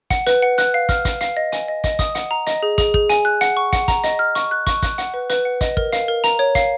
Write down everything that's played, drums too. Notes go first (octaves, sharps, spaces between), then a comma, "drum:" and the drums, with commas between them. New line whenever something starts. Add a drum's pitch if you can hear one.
F#5, drum: kick, hi-hat
B4, drum: hi-hat
F#5
F#6, drum: hi-hat
F5
F6, drum: kick, hi-hat
F5, drum: kick, hi-hat
F5, drum: hi-hat
D#5
G#5, drum: hi-hat
D#5
D#5, drum: kick, hi-hat
D#6, drum: kick, hi-hat
F#5, drum: hi-hat
A#5
D#5, drum: hi-hat
G#4
G#4, drum: kick, hi-hat
G#4, drum: kick
G#5, drum: hi-hat
F#6
F#5, drum: hi-hat
C#6
F#5, drum: kick, hi-hat
A#5, drum: kick, hi-hat
D#5, drum: hi-hat
F6
C#6, drum: hi-hat
F#6
C#6, drum: kick, hi-hat
F#6, drum: kick, hi-hat
F#5, drum: hi-hat
B4
B4, drum: hi-hat
F#5
D#5, drum: kick, hi-hat
A#4, drum: kick
F5, drum: hi-hat
A#4
A#5, drum: hi-hat
C#5
F5, drum: kick, hi-hat